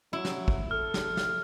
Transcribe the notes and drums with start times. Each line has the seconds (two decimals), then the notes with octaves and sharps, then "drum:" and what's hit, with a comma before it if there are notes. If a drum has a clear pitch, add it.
0.13 F#3 E4
0.25 drum: snare
0.48 drum: kick
0.71 A4 F6
0.94 drum: snare
1.17 drum: snare